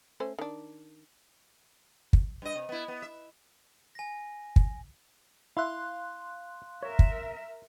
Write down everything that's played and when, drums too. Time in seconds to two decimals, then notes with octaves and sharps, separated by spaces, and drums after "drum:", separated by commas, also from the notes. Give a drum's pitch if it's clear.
0.20 A3 C#4 C5
0.39 D#3 D4
2.13 drum: kick
2.42 G2 D#5
2.56 C3
2.69 B3 E4
2.88 B3
3.02 E5
3.95 G#5 A#6
4.56 drum: kick
5.57 E4 E5 F5 C6 F#6
6.83 A#4 C#5 E5
6.99 drum: kick